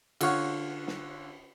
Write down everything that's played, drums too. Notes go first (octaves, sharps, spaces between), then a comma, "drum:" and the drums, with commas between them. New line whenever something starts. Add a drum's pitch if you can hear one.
D3 F4 C#5 F#5 C#6 F6, drum: cymbal
drum: snare